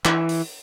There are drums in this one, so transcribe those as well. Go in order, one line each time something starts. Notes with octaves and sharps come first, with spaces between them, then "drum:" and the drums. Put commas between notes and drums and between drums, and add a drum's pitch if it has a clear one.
E3, drum: clap
drum: open hi-hat